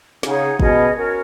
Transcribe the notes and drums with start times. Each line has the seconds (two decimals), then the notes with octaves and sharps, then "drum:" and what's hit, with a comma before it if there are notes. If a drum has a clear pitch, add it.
0.23 C#3 D#4 G#4 C#5 F#5, drum: snare
0.59 B2 C#4 G#4 D#5, drum: kick
0.95 C#4 F#4 A#4 C#5